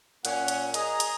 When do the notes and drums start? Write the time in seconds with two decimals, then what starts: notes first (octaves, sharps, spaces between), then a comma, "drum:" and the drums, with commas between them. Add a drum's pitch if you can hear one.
0.25 A#2 C#4 F#5, drum: hi-hat
0.48 drum: hi-hat
0.74 G#4 D#5 A#5, drum: hi-hat
1.00 drum: hi-hat